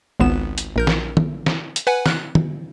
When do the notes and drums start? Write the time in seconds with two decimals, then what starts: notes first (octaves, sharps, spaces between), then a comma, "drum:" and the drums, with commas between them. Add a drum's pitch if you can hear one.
0.20 G#1 C#2 B3 E7
0.58 drum: hi-hat
0.76 A#1 A#4 G6
0.87 drum: snare
1.17 drum: tom
1.46 drum: snare
1.76 drum: hi-hat
1.87 B4 F#5 G#5
2.06 F6 F#6, drum: snare
2.35 drum: tom